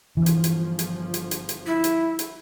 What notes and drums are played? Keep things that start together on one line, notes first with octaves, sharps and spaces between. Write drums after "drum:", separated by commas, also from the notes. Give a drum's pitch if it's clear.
G1 E3 F3
drum: hi-hat
drum: hi-hat
drum: hi-hat
drum: hi-hat
drum: hi-hat
drum: hi-hat
E4
drum: hi-hat
drum: hi-hat